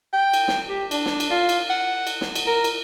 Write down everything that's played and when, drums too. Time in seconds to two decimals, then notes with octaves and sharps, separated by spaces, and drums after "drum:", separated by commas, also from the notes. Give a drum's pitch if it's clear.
0.13 G5
0.33 drum: cymbal
0.48 drum: snare
0.69 G4
0.91 D4, drum: cymbal
1.06 drum: snare
1.20 drum: cymbal
1.30 F4
1.49 drum: cymbal
1.70 F#5
2.07 drum: cymbal
2.21 drum: snare
2.35 drum: cymbal
2.46 A#4
2.64 drum: cymbal